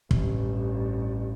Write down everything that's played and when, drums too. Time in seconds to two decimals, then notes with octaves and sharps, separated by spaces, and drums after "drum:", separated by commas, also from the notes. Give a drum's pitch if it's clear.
0.11 A1 G2, drum: kick